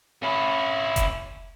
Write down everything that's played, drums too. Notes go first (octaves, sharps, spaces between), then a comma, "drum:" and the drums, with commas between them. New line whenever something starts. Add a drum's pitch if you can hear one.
C#4 E4
drum: kick F1, hi-hat